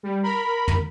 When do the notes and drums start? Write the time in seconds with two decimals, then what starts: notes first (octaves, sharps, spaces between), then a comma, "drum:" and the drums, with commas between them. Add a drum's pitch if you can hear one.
0.03 G3
0.23 A#4 B5
0.68 drum: tom